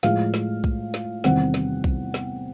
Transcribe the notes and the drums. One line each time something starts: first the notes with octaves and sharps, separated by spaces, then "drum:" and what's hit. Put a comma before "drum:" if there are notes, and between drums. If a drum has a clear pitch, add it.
A2 F3 G#3 F5, drum: snare
drum: snare
drum: kick B1, tambourine
drum: snare
E2 C3 D#3 G3 C4 F#5, drum: snare
drum: snare
drum: kick B1, tambourine
drum: snare